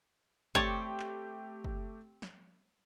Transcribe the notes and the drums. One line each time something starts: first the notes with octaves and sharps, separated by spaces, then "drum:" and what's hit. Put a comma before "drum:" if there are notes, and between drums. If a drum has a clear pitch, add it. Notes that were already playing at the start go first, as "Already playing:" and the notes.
A3 C4 G4 C#5 D5 G5 A5, drum: kick
drum: clap
drum: kick
drum: snare